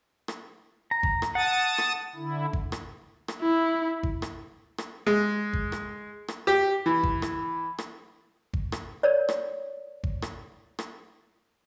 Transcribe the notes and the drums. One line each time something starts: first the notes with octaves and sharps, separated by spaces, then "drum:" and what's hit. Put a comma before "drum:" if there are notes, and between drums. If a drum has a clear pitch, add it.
drum: rim click
A#5
drum: kick G#1
drum: rim click
F#5 A5 D#6 A6
drum: rim click
D3 E4
drum: kick G#1
drum: rim click
drum: rim click
E4
drum: kick G#1
drum: rim click
drum: rim click
G#3
drum: kick G#1
drum: rim click
drum: rim click
G4
E3
drum: kick G#1
drum: rim click
drum: rim click
drum: kick G#1
drum: rim click
A#4 C#5 D5
drum: rim click
drum: kick G#1
drum: rim click
drum: rim click